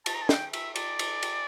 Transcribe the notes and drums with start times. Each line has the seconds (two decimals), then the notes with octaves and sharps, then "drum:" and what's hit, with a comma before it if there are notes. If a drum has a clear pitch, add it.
0.06 A5, drum: cymbal
0.15 A#5
0.22 A5
0.29 G5, drum: snare
0.53 E5, drum: cymbal
0.76 D5, drum: cymbal
0.99 drum: cymbal
1.23 drum: cymbal